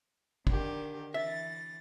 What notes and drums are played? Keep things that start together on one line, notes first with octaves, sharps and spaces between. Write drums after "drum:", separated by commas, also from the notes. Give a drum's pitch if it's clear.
D3 D#3 G4, drum: kick
E3 E5 A6 A#6